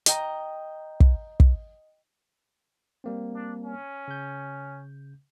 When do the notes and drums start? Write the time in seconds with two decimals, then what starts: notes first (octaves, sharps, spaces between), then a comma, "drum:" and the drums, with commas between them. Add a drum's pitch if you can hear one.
0.06 D#5 G5 A#5, drum: hi-hat
1.00 drum: kick
1.40 drum: kick
3.04 G3 A#3 C4
3.34 D4
3.64 C#4
4.08 C#3 G6